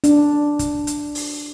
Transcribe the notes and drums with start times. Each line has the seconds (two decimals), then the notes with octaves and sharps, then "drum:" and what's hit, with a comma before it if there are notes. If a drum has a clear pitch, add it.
0.04 D4, drum: hi-hat
0.59 drum: kick, hi-hat
0.87 drum: hi-hat
1.15 drum: open hi-hat